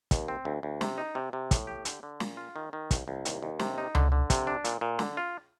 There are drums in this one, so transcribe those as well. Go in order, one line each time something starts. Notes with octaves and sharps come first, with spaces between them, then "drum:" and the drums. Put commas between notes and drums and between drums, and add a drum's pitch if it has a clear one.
D#2, drum: kick, hi-hat
C4
D2
D2
C3, drum: snare
D#4
C3
C3
A2, drum: kick, hi-hat
G4
D3, drum: hi-hat
D3
A#2, drum: snare
F4
D#3
D#3
C2, drum: kick, hi-hat
C2
D#2, drum: hi-hat
D#2
C3, drum: snare
D#4
D3, drum: tom C#2
D3
C3, drum: kick, hi-hat
D4
A#2, drum: hi-hat
A#2
D3, drum: snare
F4